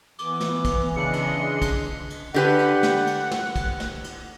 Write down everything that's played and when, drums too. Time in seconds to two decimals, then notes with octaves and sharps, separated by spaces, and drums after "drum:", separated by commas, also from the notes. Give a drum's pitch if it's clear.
0.19 E3 B3 D6, drum: cymbal
0.40 drum: snare
0.65 drum: kick, cymbal
0.96 C#3 D4 D#5 C6 F#6 C#7
1.13 drum: cymbal
1.62 drum: kick, cymbal
2.10 drum: cymbal
2.34 D3 G4 B4 F#5
2.59 drum: cymbal
2.83 drum: snare
3.07 drum: cymbal
3.31 drum: snare
3.56 drum: kick, cymbal
3.80 drum: snare
4.04 drum: cymbal